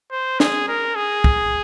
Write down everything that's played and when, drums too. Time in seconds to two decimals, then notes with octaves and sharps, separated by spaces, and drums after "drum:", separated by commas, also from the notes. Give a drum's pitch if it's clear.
0.11 C5
0.40 G#4, drum: snare
0.68 A#4
0.96 G#4
1.24 drum: kick